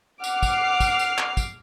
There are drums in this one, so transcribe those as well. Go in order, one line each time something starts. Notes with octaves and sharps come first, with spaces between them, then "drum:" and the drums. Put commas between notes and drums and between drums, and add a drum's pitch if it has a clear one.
F#5 D6 F6 C7, drum: tambourine
drum: kick, tambourine
drum: kick, tambourine
drum: tambourine
drum: clap
drum: kick, tambourine